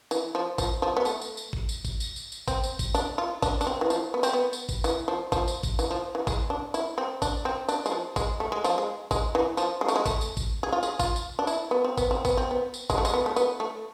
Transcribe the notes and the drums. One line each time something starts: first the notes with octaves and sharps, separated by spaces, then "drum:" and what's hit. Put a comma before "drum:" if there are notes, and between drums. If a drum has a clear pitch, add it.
E3, drum: tambourine
F3
F3, drum: kick G#1, tambourine
F3
B3
A3, drum: tambourine
drum: tambourine
drum: tambourine
drum: kick G#1
drum: tambourine
drum: kick G#1, tambourine
drum: tambourine
drum: tambourine
drum: tambourine
C4, drum: kick G#1, tambourine
drum: tambourine
drum: kick G#1, tambourine
D4, drum: tambourine
F4
D4, drum: kick G#1, tambourine
D4, drum: tambourine
C4
E3
F3, drum: tambourine
B3
C4, drum: tambourine
B3
drum: tambourine
drum: kick G#1, tambourine
E3, drum: tambourine
F3
F3, drum: kick G#1, tambourine
drum: tambourine
drum: kick G#1, tambourine
E3, drum: tambourine
F3
E3
G#3, drum: kick G#1, tambourine
D4
E4, drum: tambourine
C4
D4, drum: kick G#1, tambourine
C4
D4, drum: tambourine
G#3, drum: tambourine
F3
G#3, drum: kick G#1, tambourine
A3
G#3
F3, drum: tambourine
G#3
G#3, drum: kick G#1, tambourine
E3
F3, drum: tambourine
G#3
A3, drum: tambourine
G#3
A3, drum: kick G#1, tambourine
drum: tambourine
drum: kick G#1, tambourine
G#4
F4
G#4, drum: tambourine
F4, drum: kick G#1, tambourine
drum: tambourine
D4
E4, drum: tambourine
B3
C4
B3, drum: kick G#1, tambourine
C4
B3, drum: kick G#1, tambourine
C4
B3
drum: tambourine
G#3, drum: kick G#1, tambourine
A3
G#3, drum: tambourine
B3
A3
B3, drum: tambourine
A3